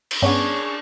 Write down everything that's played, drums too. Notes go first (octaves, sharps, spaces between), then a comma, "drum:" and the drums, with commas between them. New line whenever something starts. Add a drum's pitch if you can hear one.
drum: cymbal
G2 B3 C#4 D4 G#4 C#6